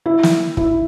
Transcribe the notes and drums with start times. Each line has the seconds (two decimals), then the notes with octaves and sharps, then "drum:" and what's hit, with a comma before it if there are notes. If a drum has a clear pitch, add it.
0.06 E4
0.23 drum: snare
0.57 E4, drum: kick